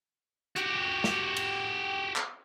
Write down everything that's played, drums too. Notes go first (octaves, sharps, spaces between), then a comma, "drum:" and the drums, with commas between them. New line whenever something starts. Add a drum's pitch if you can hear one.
F#4 G4, drum: hi-hat
drum: snare
drum: cymbal
drum: clap